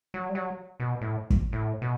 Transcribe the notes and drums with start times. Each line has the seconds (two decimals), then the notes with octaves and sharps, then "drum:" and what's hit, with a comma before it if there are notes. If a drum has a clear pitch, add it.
0.14 F#3
0.29 G3
0.35 F#3
0.80 B2
1.01 A2
1.30 drum: kick
1.53 A2
1.82 B2